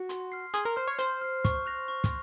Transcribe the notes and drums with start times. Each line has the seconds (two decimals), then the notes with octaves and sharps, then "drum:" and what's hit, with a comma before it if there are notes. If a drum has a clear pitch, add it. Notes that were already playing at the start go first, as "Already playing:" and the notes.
Already playing: F#4
0.09 C6, drum: hi-hat
0.32 F6 C7
0.54 G#4 C6, drum: hi-hat
0.65 A#4
0.76 C5 F6 C7
0.87 C#5
0.98 C5 C6, drum: hi-hat
1.21 F6 C7
1.45 C#6, drum: kick, hi-hat
1.66 F#6 A#6 F7
1.88 C#6
2.04 drum: kick, hi-hat